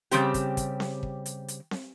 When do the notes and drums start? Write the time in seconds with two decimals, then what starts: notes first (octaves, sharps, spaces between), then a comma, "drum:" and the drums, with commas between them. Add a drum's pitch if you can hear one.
0.11 C#3 G3 C4 G4, drum: hi-hat
0.34 drum: kick, hi-hat
0.57 drum: kick, hi-hat
0.80 drum: snare C4
1.03 drum: kick
1.26 drum: hi-hat
1.48 drum: hi-hat
1.71 drum: snare C4